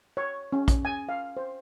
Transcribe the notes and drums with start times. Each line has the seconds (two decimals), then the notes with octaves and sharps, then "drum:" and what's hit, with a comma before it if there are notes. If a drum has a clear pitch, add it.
0.17 C#5
0.53 C#4
0.68 drum: kick A#1, hi-hat
0.85 G#5
1.09 F5
1.37 C5